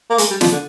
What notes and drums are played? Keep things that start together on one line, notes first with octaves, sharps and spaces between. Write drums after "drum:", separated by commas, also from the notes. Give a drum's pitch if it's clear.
A#3
G#3, drum: hi-hat
G3
F3, drum: snare
D3